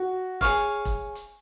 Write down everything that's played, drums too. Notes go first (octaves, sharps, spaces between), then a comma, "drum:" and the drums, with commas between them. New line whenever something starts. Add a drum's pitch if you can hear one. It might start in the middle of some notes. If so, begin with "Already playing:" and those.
Already playing: F#4
G#4 C#5 F5, drum: kick
drum: hi-hat
drum: kick, hi-hat
drum: hi-hat